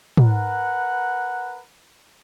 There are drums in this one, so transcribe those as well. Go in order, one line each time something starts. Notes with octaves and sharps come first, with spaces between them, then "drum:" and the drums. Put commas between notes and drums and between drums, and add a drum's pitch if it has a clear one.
A#4 B4 F#5, drum: tom